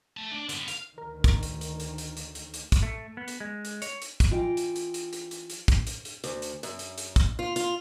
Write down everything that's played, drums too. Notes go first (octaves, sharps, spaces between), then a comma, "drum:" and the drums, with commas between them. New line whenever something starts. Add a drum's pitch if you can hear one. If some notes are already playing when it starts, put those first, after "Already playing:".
A3 A5
D4 D5
D3 B3, drum: hi-hat
F5, drum: hi-hat
D2 D#3 A#4
drum: kick, hi-hat
drum: hi-hat
drum: hi-hat
drum: hi-hat
drum: hi-hat
drum: hi-hat
drum: hi-hat
drum: hi-hat
drum: kick, hi-hat
A3
B3
drum: hi-hat
G#3
drum: hi-hat
C#5, drum: hi-hat
drum: hi-hat
drum: kick, hi-hat
E3 F4 D#5 G5
drum: hi-hat
drum: hi-hat
drum: hi-hat
drum: hi-hat
drum: hi-hat
drum: hi-hat
drum: kick, hi-hat
drum: hi-hat
drum: hi-hat
D2, drum: hi-hat
drum: hi-hat
F#2, drum: hi-hat
drum: hi-hat
drum: hi-hat
drum: kick, hi-hat
F4
F4, drum: hi-hat